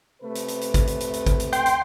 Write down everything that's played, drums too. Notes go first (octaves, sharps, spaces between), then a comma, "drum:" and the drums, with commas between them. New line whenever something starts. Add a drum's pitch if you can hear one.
C3 A3 B4
drum: hi-hat
drum: hi-hat
drum: hi-hat
drum: kick, hi-hat
drum: hi-hat
drum: hi-hat
drum: hi-hat
drum: kick, hi-hat
drum: hi-hat
G5 C6, drum: hi-hat
drum: hi-hat